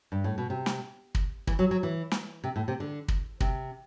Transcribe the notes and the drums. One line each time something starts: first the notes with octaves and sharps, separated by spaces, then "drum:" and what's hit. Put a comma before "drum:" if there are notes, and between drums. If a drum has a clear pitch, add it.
G2
A2
B2
C3
drum: snare
drum: kick
E3, drum: kick
F#3
F#3
E3
drum: snare
C3
A2
C3
D3
drum: kick
C3, drum: kick